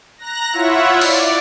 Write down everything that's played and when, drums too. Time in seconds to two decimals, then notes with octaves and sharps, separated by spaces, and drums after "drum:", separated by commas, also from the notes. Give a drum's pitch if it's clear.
0.18 A#5 F#6 A#6
0.52 E4 F4 C#5 E5 F#5
1.01 D5, drum: cymbal